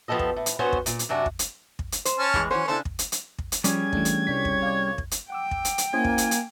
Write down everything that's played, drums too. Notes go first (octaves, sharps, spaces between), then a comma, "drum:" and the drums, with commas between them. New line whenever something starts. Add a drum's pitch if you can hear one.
F3 B3 G4 A4 D#5
drum: kick
A2
drum: hi-hat
G2 B3 C#4 F#4 C5 C#5
drum: kick
A#2, drum: hi-hat
drum: hi-hat
F#2 C3 D4 F#4
drum: kick
drum: hi-hat
drum: kick
drum: hi-hat
C5, drum: hi-hat
C#4 A5 F6
A2 E3 G#3, drum: kick
E3 F#3 C#4 C5
C#3 D4 E4 A4 C5
drum: kick
drum: hi-hat
drum: hi-hat
drum: kick
drum: hi-hat
F3 G3 C#4 G#4 D5 G#6, drum: hi-hat
E3 A3 D4, drum: kick
drum: hi-hat
C2 C3 D4 C#5 B6
drum: kick
D5 F5
drum: kick
drum: hi-hat
F#5 G5 D6 E6
drum: kick
drum: hi-hat
drum: hi-hat
A#3 C#4 E4 C5 G#5
drum: kick
drum: hi-hat
drum: hi-hat